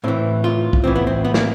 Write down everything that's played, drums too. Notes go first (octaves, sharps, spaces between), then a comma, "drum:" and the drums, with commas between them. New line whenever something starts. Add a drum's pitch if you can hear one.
A2 E3 C4
F4
drum: kick
A2 E3 C4
B3
C4
B3
A#3, drum: snare